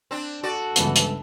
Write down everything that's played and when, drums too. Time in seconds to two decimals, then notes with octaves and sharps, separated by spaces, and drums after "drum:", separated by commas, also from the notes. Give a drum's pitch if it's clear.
0.11 C4 D4
0.43 F#4 A4 D5
0.76 G1 C#2 E3 B3, drum: hi-hat
0.96 drum: hi-hat